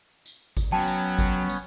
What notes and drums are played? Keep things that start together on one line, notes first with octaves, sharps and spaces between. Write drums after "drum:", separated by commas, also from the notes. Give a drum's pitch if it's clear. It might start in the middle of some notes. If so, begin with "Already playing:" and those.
drum: tambourine
drum: kick G#1, tambourine
F#3 B3 C#4 C#5 G5 A5
drum: tambourine
drum: kick G#1, tambourine
drum: tambourine